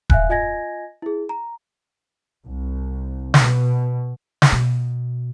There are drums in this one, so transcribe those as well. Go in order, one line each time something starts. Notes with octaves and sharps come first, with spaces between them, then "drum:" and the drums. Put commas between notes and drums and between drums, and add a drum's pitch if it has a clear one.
E5 F5 G#5 F#6, drum: kick D#1
F4 D#5 G#5 G#6 A#6
E4 G#4
A#5
C2
B2, drum: snare
drum: snare
B2